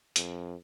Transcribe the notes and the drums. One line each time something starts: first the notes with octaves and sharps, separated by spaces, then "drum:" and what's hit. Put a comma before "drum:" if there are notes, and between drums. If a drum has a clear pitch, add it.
F2, drum: hi-hat